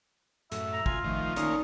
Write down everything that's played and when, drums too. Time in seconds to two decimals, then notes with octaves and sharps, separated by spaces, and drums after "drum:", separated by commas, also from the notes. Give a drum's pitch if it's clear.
0.52 F#2 A2 E5, drum: hi-hat
0.73 A#5
0.86 F4 G#5, drum: kick
1.04 D#3 F3 A3
1.36 A#3 C#4 D#4 D5 D#6, drum: hi-hat